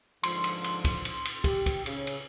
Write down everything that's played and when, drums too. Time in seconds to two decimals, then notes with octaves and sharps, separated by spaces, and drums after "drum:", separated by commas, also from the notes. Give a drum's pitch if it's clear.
0.23 G#2 D3 F3 C6, drum: cymbal
0.44 drum: cymbal
0.64 drum: cymbal
0.85 drum: kick, cymbal
1.05 drum: cymbal
1.25 drum: cymbal
1.44 G4, drum: kick, cymbal
1.66 drum: kick, cymbal
1.86 C#3, drum: cymbal
2.07 drum: cymbal